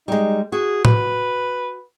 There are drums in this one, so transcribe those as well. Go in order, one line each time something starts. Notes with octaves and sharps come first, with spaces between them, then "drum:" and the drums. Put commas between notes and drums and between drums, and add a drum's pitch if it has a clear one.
G3 G#3 D#4
F#4 G#4
B4, drum: tom A2